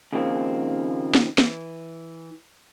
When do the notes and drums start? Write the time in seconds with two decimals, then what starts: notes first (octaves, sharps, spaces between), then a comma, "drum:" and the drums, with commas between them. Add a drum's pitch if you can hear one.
0.13 D#2 C#3 F3 A#3 C4
1.15 drum: snare
1.38 E3, drum: snare